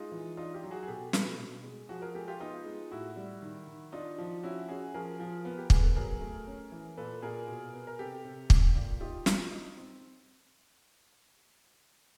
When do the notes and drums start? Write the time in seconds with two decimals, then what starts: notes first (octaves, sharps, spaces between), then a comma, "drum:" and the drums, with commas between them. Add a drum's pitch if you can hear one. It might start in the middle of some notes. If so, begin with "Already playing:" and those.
Already playing: G#3 D#4 F4
0.12 E3
0.37 D4 D#4 F4
0.54 F4 G4
0.63 F#3
0.71 F#4 G#4
0.83 G#4
0.88 B2 G4 A4
1.13 B2 A4 B4, drum: snare
1.38 B2
1.64 G#3
1.89 F3 F#4 G#4
2.02 G#4 A#4
2.14 G#3 G4 A4
2.28 F4 G4
2.40 B3 D#4 F4
2.65 G#3
2.91 A2 E4 F#4
3.16 G3
3.42 D#3
3.67 D#3
3.92 D4 D#4 F4
4.18 F3
4.43 C#4 E4 F#4
4.68 C#4 F#4 G#4
4.94 F3 G#4 A#4
5.20 F3
5.45 B3
5.58 G4
5.70 B3 G#4, drum: kick
5.83 A4
5.96 F#3 G#4 A#4
6.21 A3
6.47 C#4
6.72 E3
6.97 A#2 A4 B4
7.22 A#2 G#4 A#4
7.48 B2
7.74 B3
7.87 A#4
7.99 C3 G4 A4
8.24 C3
8.50 C4, drum: kick
8.75 A#2
9.00 D#4 F4 G4
9.26 F#3, drum: snare
9.51 D#4
9.77 C4